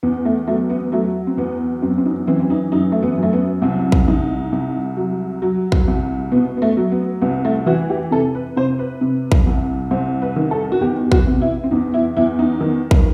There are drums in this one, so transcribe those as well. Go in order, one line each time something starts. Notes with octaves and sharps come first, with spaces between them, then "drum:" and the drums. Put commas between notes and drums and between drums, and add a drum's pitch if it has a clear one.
E2 B3
A3
F#3 A3
B3
F#3 A3
C4
E2 B3
F#2 C4
C4
D#4
E3 C4
C4
D#4
F#2 D#4
A3
B3
F#2 A3
B3
C2 C4
drum: kick
C2 D#4
C2
F#3
F#3
drum: kick
C2
B2 B3
B3
A3
F#3
B3
C2 B3
A3
E3 F#4
G4
C3 A4
B4
C3 C5
B4
C3
drum: kick
C2
C2 C5
B4
D#3
A4
F#4
E2 G4
F#4, drum: kick
C3
E4
C4
E2 D#4
E4
E2 E4
D#4
D#3
drum: kick